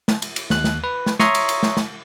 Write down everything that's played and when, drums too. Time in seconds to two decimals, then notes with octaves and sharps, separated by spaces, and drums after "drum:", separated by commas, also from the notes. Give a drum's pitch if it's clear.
0.08 drum: snare
0.22 drum: cymbal
0.36 drum: cymbal
0.50 D#2 F#6, drum: snare
0.64 drum: snare
0.84 B4
1.06 drum: snare
1.20 C#5 E5 A#5 C6 C#6 D#6, drum: snare
1.35 drum: cymbal
1.49 drum: cymbal
1.63 drum: snare
1.77 drum: snare